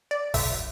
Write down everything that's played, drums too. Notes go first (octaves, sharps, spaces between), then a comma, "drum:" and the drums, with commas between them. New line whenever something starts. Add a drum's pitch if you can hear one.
D5
B1 E5, drum: kick, open hi-hat